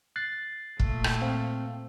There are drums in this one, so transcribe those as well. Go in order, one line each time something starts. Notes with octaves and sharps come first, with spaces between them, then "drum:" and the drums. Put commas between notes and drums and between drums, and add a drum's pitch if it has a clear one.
F#6 A6 C7
A#2 A3, drum: kick
drum: rim click
C4 F5